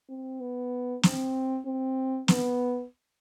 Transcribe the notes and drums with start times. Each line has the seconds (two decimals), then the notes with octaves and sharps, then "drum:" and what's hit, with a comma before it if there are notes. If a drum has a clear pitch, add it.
0.09 C4
0.41 B3
1.03 C4, drum: snare
1.66 C4
2.28 B3, drum: snare